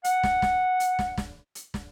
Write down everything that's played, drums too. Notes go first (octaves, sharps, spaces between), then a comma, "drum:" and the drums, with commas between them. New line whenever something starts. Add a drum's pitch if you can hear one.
F#5, drum: hi-hat
drum: snare
drum: snare
drum: hi-hat
drum: snare
drum: snare
drum: hi-hat
drum: snare